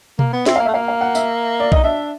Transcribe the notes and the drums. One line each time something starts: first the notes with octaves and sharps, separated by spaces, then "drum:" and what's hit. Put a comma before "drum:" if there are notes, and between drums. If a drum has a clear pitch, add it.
A#3, drum: tom B2
B3
C4 E5, drum: snare
F5
A#3
A3 E5
A#3 F5
F5
F#5
E5, drum: tambourine
D5
D#4 D#5, drum: kick B1
D4 E5